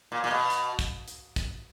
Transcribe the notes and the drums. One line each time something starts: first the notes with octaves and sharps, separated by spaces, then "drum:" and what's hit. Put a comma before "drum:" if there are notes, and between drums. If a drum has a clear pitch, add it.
A#2
A#2
B2
drum: hi-hat
drum: kick, hi-hat
drum: hi-hat
drum: kick, hi-hat